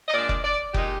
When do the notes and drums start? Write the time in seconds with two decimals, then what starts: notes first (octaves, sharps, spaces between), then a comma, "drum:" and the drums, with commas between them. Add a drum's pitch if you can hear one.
0.08 D#5
0.13 A#2 G#3 D4 D5
0.29 D5, drum: kick F#1
0.44 D5
0.74 A#2 G#3 D#4 G4, drum: kick F#1